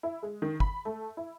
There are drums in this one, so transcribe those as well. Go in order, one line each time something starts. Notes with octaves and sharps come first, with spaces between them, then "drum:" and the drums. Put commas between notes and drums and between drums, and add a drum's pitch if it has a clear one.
E4
G#3
D#3
B5, drum: kick
A3
E4